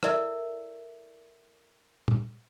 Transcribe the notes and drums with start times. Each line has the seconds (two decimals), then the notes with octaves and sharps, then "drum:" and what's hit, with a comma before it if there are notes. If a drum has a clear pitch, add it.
0.03 E4 A4 A#4 D5 E5, drum: rim click
2.08 drum: tom